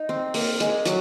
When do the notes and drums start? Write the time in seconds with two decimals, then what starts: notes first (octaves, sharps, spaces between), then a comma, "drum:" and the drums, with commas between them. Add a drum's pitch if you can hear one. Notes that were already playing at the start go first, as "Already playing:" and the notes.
Already playing: D#4
0.09 C4
0.34 A#3, drum: open hi-hat
0.60 G#3, drum: hi-hat
0.86 F#3, drum: hi-hat